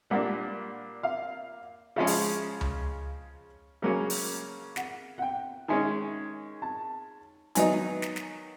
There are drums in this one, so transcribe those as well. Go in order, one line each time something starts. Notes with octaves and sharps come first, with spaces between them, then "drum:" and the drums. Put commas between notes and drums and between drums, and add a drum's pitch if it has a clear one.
A#2 G3 A#3 D4 F#5
F5
C#3 F3 G#3 C#4 F5
drum: open hi-hat
drum: tom C#2
C#3 F#3 A#3 C#4
drum: open hi-hat
F#5, drum: snare
F#5
G5
D#3 G#3 C#4 G#5
A5
D#3 F#3 B3 D#4 G#5, drum: hi-hat
drum: snare
drum: snare